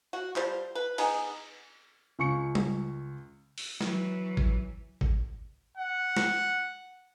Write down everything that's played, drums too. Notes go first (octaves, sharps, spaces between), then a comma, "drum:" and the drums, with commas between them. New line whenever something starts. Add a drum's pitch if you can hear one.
F#4
F3 G3 C5, drum: clap
B4
B3 D#4 G#4, drum: cymbal
C#2 C#6 C#7
drum: tom G3
drum: open hi-hat
E3 F#3, drum: snare
drum: kick G#1
drum: kick G#1
F#5
drum: snare